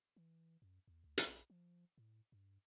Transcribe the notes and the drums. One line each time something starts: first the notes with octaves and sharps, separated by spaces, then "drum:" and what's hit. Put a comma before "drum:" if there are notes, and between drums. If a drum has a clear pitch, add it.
E3
F#2
E2
D2
drum: hi-hat
A#1
F3
A2
G2